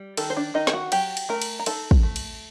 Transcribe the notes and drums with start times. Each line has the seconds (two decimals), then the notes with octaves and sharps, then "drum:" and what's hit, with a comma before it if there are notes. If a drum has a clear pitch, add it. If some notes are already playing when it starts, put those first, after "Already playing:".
Already playing: G3
0.17 D#3 A4 A5, drum: cymbal
0.30 C5
0.37 D4 D5
0.54 D#3 D#4 D#5
0.67 G5, drum: snare
0.73 F#4 F#5
0.92 F#3 G4 G5, drum: cymbal
1.17 drum: cymbal
1.29 A3 A#4 A#5
1.42 drum: cymbal
1.59 A#5
1.66 D#4 A4 A5, drum: cymbal
1.91 drum: kick
2.03 A3
2.16 drum: cymbal